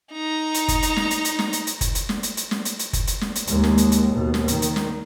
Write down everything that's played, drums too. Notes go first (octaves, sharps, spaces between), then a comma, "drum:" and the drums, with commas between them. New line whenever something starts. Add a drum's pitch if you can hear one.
D#4 A#5
drum: hi-hat
drum: kick F#1, hi-hat
drum: hi-hat
drum: snare
drum: hi-hat
drum: hi-hat
drum: snare
drum: hi-hat
drum: hi-hat
drum: kick F#1, hi-hat
drum: hi-hat
drum: snare
drum: hi-hat
drum: hi-hat
drum: snare
drum: hi-hat
drum: hi-hat
drum: kick F#1, hi-hat
drum: hi-hat
drum: snare
drum: hi-hat
D#2 G#3, drum: hi-hat
drum: snare
drum: hi-hat
drum: hi-hat
D#2 B2
drum: snare
D#3, drum: hi-hat
drum: hi-hat
drum: snare